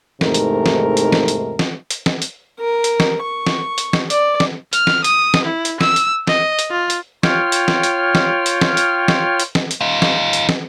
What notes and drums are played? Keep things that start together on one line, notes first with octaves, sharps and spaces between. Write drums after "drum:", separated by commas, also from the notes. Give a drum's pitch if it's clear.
E2 G#2 C3 A3 D#4 A#4, drum: snare
drum: hi-hat
drum: snare
drum: hi-hat
drum: snare
drum: hi-hat
drum: snare
drum: hi-hat
drum: snare
drum: hi-hat
A#4
drum: hi-hat
drum: snare
C#6
drum: snare
drum: hi-hat
drum: snare
D5, drum: hi-hat
drum: snare
F6, drum: hi-hat
drum: snare
D#6, drum: hi-hat
drum: snare
E4
drum: hi-hat
E6, drum: snare
drum: hi-hat
D#5, drum: snare
drum: hi-hat
F4
drum: hi-hat
F4 C#5 G5 F6, drum: snare
drum: hi-hat
drum: snare
drum: hi-hat
drum: snare
drum: hi-hat
drum: snare
drum: hi-hat
drum: snare
drum: hi-hat
drum: snare
drum: hi-hat
D#4 F4
drum: snare
drum: hi-hat
drum: snare